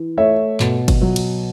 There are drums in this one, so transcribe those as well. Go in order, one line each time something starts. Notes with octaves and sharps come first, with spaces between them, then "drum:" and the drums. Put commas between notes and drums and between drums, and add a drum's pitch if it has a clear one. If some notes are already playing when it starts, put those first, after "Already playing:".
Already playing: E3
A3 C#5 E5
B2, drum: clap
drum: kick G1, cymbal
F#3
drum: cymbal